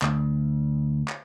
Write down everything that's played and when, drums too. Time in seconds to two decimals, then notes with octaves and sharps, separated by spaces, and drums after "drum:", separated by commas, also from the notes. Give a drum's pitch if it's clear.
0.02 D2, drum: clap
1.08 drum: clap